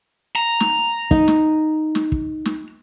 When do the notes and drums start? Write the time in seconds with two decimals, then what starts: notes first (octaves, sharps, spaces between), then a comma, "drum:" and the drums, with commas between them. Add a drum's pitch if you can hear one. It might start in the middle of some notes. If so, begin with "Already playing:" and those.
0.35 A#5
0.60 drum: snare
1.11 D#4, drum: kick
1.28 drum: snare
1.95 drum: snare
2.12 drum: kick
2.45 drum: snare